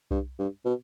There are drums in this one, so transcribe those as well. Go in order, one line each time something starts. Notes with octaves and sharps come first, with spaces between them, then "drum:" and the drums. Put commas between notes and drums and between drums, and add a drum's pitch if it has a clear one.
G2, drum: kick C2
G2
B2